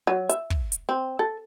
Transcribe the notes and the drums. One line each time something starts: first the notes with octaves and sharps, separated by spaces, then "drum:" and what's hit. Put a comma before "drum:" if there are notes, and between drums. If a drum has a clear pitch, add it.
F#3
E5, drum: hi-hat
drum: kick
drum: hi-hat
C4
A4